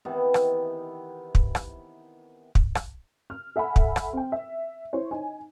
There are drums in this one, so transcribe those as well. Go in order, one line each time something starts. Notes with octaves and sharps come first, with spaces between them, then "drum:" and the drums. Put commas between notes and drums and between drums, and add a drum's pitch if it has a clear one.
C3 D#3 E3 B3
drum: rim click
drum: kick
drum: rim click
drum: kick
drum: rim click
F6
A4 E5 F#5 G#5 B5
drum: kick
drum: rim click
C4 G5
E5
E4 C5 C#5
D#4 G#5